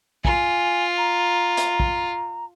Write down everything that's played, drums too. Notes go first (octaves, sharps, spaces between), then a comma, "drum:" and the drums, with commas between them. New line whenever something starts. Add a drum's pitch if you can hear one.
F4 G#5, drum: kick
A#5
drum: hi-hat
drum: kick